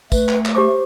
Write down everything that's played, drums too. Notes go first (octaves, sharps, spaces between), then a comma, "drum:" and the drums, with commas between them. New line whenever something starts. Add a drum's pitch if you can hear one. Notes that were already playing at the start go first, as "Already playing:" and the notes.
A3 B4, drum: kick, tambourine
drum: clap
drum: clap
G4 C5 C#5 D6